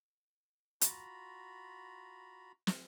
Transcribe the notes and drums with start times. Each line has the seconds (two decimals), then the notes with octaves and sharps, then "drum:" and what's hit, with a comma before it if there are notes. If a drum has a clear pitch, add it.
0.81 F4 F#4 A#5 B5, drum: hi-hat
2.67 drum: snare